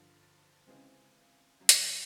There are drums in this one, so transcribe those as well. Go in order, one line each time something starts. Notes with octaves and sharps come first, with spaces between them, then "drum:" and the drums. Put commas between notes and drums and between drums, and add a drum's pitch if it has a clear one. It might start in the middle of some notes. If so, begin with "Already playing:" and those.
Already playing: G2 D3 F3
C#3 E3 G#3 C4
C#2 C#3 F#3
drum: hi-hat